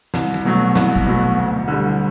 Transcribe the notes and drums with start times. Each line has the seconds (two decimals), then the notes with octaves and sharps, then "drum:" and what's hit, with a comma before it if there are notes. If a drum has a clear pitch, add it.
0.14 C2, drum: snare
0.34 drum: tom
0.45 B2 F#3 A3
0.76 C2, drum: snare
0.96 drum: kick
1.06 B2 F#3 A3
1.38 D2
1.68 D3 G3